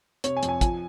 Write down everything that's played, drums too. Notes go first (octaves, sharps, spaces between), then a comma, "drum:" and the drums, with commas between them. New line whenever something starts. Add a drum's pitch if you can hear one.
C3 C#5, drum: hi-hat
G#5
F2, drum: hi-hat
G#5
F3 G#5, drum: kick, hi-hat